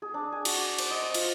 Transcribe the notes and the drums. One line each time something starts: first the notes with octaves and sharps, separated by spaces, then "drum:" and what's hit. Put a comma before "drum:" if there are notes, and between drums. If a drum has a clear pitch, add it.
G#4
D4
G#5
F#4, drum: cymbal
D6
C5, drum: cymbal
D#5
C6
F4, drum: cymbal